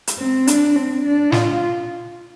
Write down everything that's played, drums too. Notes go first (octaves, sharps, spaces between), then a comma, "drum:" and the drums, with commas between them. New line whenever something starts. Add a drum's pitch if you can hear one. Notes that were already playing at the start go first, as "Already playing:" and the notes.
drum: hi-hat
C4
D4, drum: hi-hat
C4
D4
F4, drum: snare